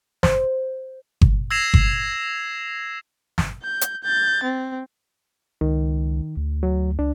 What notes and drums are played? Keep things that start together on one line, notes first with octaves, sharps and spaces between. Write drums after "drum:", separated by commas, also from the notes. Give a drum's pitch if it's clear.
C5, drum: snare
drum: kick G1
E6 G#6 A#6 C7 E7 F7
drum: kick G1
drum: snare
G6
drum: hi-hat
G6 A6
C4
C#2 D#3
D2
F#3
C#2 D4